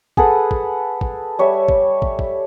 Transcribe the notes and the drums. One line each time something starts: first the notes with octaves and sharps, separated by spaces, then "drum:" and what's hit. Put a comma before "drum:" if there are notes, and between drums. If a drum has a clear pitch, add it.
G#4 A4 B4 F#5, drum: kick
drum: kick
drum: kick
G3 C#5 E5
drum: kick
drum: kick
drum: kick